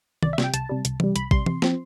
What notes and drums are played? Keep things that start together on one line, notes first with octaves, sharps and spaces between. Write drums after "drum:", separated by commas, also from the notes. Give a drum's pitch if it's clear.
C2 D5, drum: tom D#3
E5
C3 G3, drum: snare
G5
C2 A5, drum: hi-hat
C3 G3
C2, drum: hi-hat
C3 G3, drum: tom E3
C2 B5, drum: hi-hat
C3 G3 C6, drum: kick A1
C3, drum: tom E3
F3 C4, drum: snare